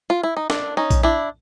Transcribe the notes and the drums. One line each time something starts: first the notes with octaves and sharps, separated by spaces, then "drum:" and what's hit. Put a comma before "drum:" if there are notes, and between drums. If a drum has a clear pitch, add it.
F4
E4
D#4
D4, drum: snare
C#4 D#4
drum: kick A#1, tambourine
D4 E4